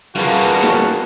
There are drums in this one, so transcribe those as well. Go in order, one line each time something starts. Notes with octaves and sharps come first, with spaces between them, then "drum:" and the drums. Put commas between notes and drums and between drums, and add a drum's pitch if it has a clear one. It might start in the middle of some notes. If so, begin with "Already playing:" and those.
F#2 G3 A#3 F4 F#4 G#4 B4 A5
drum: hi-hat
drum: snare D#4